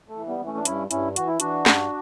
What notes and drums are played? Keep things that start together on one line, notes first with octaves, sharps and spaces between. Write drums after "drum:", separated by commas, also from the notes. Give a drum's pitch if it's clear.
A3
E3
G3 B3
E3
A3 C#4
D4
G2 C#4 E4, drum: hi-hat
G2 C#4 E4, drum: hi-hat
E3 F#4, drum: hi-hat
E4
E3 D4 F#4, drum: hi-hat
G2, drum: snare